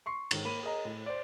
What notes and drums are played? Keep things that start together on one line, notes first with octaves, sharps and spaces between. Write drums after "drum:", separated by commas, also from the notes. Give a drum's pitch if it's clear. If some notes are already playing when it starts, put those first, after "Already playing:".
C6 C#6 C7
G#2 D#3, drum: cymbal
A#3 B5 D#7
G#4 A#4 D#5 A#5
A2
C5 D5